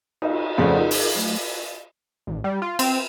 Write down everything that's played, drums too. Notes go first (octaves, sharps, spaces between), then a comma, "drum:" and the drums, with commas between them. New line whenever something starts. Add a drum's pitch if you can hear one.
D#4, drum: cymbal
F2 C#3 A3 C5 D5 F#5
D#4 F4 G#4 A#4
drum: open hi-hat
F#3 A3
A1
G3
F4
C4, drum: cymbal